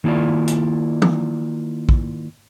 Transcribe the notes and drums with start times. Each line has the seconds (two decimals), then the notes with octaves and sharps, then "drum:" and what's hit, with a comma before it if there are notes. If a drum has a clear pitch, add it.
0.04 D#3 A#3 E4 F4 D5
0.48 drum: hi-hat
1.02 drum: tom E3
1.89 drum: kick A#1